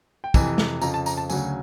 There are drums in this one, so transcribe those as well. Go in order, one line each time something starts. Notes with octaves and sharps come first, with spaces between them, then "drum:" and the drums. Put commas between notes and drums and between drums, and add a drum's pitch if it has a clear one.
G5
F2 C3 E3 G#5, drum: kick, tambourine
drum: snare
F2 C#3 F3 A#5, drum: tambourine
A5
A#5, drum: tambourine
A5
D2 C#3 F#3 G#5, drum: tambourine